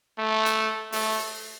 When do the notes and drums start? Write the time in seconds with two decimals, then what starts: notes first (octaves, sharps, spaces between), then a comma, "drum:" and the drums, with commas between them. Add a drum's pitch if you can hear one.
0.19 A3
0.46 drum: hi-hat
0.92 A3, drum: open hi-hat